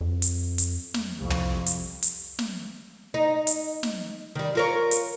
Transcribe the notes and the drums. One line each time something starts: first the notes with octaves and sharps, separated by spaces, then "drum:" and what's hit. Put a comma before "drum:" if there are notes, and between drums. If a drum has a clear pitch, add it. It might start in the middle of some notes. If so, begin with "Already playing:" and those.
F2
drum: hi-hat
drum: hi-hat
drum: snare
C2 F2
drum: tom
drum: hi-hat
drum: hi-hat
drum: snare
D#4
drum: hi-hat
drum: snare
D#3 G3
F4 A#4 C#5
drum: hi-hat